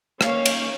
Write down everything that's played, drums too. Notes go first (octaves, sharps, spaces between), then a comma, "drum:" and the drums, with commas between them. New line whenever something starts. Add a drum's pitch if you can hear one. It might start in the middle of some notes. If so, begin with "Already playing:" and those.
D#3 A#3 C#4 C#5 F5, drum: rim click
drum: cymbal